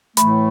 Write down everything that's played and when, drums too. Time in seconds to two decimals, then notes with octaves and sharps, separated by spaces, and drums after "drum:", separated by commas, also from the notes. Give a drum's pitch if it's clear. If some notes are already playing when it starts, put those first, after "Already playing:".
0.17 A2 E3 A3 B5, drum: hi-hat